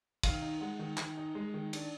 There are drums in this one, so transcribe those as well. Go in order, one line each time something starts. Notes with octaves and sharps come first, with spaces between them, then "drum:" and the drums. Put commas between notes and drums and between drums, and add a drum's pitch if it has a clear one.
D#3 F5, drum: kick, cymbal
D#4
G#3 F#5
D#3
D#3 G#5, drum: clap
D#4
G#3
D#3
D4, drum: cymbal